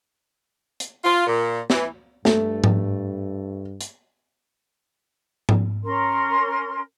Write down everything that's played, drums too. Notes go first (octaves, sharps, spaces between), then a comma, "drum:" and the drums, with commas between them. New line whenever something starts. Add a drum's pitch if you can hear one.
drum: hi-hat
F4
A#2
E3, drum: snare
G2 A3, drum: snare
drum: tom G#2
drum: hi-hat
drum: tom G#2
C#4 A#4 C6